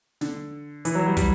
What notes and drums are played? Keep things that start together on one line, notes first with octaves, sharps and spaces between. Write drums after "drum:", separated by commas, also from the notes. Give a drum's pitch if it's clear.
D3, drum: snare
E3, drum: hi-hat
F#3
G3
G3, drum: kick, hi-hat